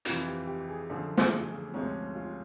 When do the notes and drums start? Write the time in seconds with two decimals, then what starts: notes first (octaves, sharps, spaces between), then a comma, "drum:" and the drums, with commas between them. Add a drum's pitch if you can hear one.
0.05 F2 C3 E3 F4, drum: hi-hat
0.27 G4
0.47 G4
0.69 G#4
0.90 F#2 D3 F3 A4
1.18 G#4, drum: snare
1.45 G#4
1.73 D2 C3 F3 G#3 C#4 G#4
2.15 F4